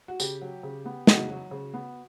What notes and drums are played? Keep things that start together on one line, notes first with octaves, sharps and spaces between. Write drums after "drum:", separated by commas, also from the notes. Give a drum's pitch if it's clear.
F#4
C#3 G4, drum: tambourine
F#3
C#3
B3
C#3 F#4, drum: snare
F#3
C#3
B3